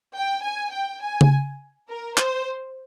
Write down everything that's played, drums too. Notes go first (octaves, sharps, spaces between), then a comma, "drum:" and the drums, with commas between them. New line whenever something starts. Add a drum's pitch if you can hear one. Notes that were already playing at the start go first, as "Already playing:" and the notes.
G5
G#5
G5
G#5
drum: tom C#3
A#4
C5, drum: clap